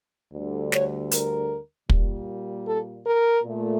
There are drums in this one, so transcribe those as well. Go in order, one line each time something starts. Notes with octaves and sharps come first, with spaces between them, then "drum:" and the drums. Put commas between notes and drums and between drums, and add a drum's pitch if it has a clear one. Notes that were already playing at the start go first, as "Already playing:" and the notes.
D2 D3 G3
C#5, drum: snare
A#4, drum: hi-hat
A#2 G3 A#3, drum: kick
A4
A#4
A#2 A3